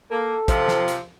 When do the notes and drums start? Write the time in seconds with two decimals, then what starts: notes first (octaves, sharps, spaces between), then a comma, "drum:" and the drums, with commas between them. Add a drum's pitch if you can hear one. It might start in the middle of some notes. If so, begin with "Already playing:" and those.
0.11 A#3 A4
0.48 C3 F3, drum: kick, hi-hat
0.68 drum: snare
0.88 drum: hi-hat